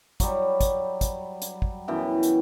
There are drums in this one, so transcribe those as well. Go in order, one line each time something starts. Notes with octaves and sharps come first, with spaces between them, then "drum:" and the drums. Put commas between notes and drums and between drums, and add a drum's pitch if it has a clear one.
F#3 G3, drum: kick, hi-hat
drum: kick, hi-hat
drum: kick, hi-hat
drum: hi-hat
drum: kick
F#2 B2 E3 G5
drum: hi-hat